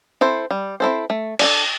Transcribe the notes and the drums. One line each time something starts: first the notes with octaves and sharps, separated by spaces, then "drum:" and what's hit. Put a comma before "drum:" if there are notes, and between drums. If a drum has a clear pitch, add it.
C4 E4 A4 C5
G3
C4 E4 A4 C5
A3
D4 A4 D5, drum: cymbal